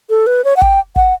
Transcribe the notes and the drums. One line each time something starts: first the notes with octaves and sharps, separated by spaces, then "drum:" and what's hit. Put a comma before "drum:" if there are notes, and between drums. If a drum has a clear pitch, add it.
A4
B4
C#5
F#5
G5, drum: kick
F#5, drum: kick